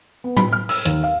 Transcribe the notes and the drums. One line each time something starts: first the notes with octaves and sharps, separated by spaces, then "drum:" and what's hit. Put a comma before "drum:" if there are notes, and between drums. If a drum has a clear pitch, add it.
B3
B5, drum: tom A2
F6
E6, drum: open hi-hat
D#2, drum: hi-hat
F5